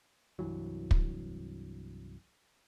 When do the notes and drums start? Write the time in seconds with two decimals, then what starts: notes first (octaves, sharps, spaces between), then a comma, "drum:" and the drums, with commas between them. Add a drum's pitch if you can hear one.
0.39 C2 G2 E3 F#3
0.91 drum: kick